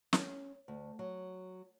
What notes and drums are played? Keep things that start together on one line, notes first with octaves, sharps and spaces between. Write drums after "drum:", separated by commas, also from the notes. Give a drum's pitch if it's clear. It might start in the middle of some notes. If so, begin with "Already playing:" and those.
C#4, drum: snare
D2
F#3